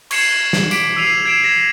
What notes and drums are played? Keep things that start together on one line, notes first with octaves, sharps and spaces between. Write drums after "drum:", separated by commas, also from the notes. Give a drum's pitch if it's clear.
C#6 G#6 C7 C#7 E7 F#7, drum: cymbal
C#6 G7
drum: snare
D6 B6 D7, drum: tambourine
C#6 E6 C7 D#7 F7
G#6 C7 D7 E7
G#6 A#6 C7 E7